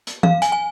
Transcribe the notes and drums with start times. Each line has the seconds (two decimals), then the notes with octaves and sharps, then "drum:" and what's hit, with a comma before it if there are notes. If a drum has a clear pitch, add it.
0.07 drum: hi-hat
0.23 F5, drum: tom E3
0.42 G#5, drum: hi-hat
0.52 G#5